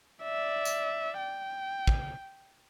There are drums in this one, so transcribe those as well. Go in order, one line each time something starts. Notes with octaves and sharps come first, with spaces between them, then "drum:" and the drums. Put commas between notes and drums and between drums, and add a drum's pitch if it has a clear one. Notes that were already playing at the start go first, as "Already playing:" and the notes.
D5 E5
drum: tambourine
G5
drum: kick